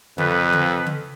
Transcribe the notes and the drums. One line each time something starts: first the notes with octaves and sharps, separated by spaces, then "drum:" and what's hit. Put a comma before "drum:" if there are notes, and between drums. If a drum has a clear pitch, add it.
F2 A4 B4, drum: tom C#3
drum: tom C#3
drum: tom C#3